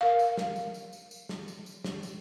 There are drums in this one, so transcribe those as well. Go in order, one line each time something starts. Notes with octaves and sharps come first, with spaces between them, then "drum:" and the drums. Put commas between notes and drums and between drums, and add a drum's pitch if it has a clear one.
A#4 F5
drum: tambourine
drum: snare
drum: tambourine
drum: tambourine
drum: tambourine
drum: tambourine
drum: snare
drum: tambourine
drum: tambourine
drum: snare
drum: tambourine